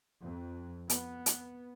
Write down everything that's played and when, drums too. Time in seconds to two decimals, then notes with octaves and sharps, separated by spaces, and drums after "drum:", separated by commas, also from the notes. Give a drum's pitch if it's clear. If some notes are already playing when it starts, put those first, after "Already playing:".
0.21 F2
0.90 B3, drum: hi-hat
1.26 drum: hi-hat